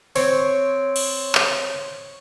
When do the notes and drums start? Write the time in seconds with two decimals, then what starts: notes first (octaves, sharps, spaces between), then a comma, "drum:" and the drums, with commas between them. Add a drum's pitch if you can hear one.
0.16 C4 C#5, drum: open hi-hat
0.96 drum: cymbal
1.35 drum: clap